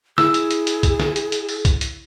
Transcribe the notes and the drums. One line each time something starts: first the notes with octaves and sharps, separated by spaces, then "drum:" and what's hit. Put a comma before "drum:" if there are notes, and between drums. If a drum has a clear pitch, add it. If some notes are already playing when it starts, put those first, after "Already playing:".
E4 G#4 E6, drum: snare
drum: hi-hat
drum: hi-hat
drum: hi-hat
drum: kick A#1, hi-hat
drum: snare
drum: hi-hat
drum: hi-hat
drum: open hi-hat
drum: kick A#1, hi-hat
drum: hi-hat